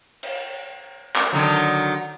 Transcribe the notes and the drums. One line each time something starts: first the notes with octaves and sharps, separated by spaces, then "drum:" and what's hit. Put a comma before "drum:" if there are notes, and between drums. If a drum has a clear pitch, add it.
drum: cymbal
drum: clap
D3 D#3 F#3